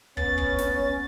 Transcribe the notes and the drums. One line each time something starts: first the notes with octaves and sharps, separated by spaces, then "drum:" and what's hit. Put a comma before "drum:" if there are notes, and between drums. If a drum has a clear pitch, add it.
B3 C#4 A6, drum: kick
drum: kick
drum: snare